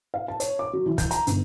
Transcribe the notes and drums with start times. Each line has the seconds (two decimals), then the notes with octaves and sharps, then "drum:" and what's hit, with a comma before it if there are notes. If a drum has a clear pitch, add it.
0.14 F5
0.28 A5
0.40 C#5, drum: hi-hat
0.59 D6
0.73 F#3
0.86 E3
0.98 G6, drum: kick, hi-hat
1.11 A#5, drum: hi-hat
1.27 G1, drum: hi-hat